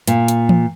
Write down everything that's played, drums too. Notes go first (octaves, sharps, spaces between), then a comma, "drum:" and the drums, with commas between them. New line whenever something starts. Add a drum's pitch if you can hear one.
A#2, drum: hi-hat
drum: hi-hat
drum: tom E3